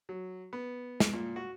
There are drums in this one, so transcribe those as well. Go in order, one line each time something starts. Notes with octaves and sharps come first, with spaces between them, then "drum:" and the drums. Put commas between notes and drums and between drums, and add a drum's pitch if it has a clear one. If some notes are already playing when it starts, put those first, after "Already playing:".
F#3
B3
drum: snare
A#2
F#4